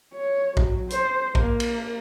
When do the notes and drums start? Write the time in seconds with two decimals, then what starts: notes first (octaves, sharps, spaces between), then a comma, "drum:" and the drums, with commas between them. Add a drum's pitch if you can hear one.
0.15 C#5
0.57 F#3, drum: kick A#1
0.90 C5, drum: hi-hat
1.35 A#3, drum: kick A#1
1.60 drum: cymbal